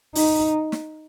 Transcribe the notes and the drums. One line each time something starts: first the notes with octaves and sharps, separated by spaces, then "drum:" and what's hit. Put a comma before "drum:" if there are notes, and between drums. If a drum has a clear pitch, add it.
D#4, drum: open hi-hat
drum: snare